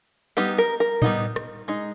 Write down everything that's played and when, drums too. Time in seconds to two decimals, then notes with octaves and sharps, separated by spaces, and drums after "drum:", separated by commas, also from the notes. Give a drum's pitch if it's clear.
0.37 G3 B3 D#4 G4
0.58 A#4
0.80 A#4
1.02 G3 B3 D#4, drum: tom A2
1.36 drum: rim click
1.68 G#3 D#4